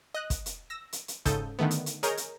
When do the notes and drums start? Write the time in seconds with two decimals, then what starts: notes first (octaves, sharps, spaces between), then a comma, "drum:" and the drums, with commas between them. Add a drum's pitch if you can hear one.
0.14 D#5 F#6
0.30 drum: kick, hi-hat
0.46 drum: hi-hat
0.70 E6 A#6
0.93 drum: hi-hat
1.08 drum: hi-hat
1.25 G#2 C#3 A4 D#6 G6, drum: kick, hi-hat
1.59 D3 D#3 A3 B3
1.71 drum: hi-hat
1.86 drum: hi-hat
2.03 G#4 A#4 C#5 D#5 A#5 G6, drum: hi-hat
2.17 drum: hi-hat